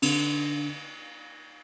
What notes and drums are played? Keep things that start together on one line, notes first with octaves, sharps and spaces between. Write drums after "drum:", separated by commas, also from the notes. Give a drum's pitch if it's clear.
D3, drum: cymbal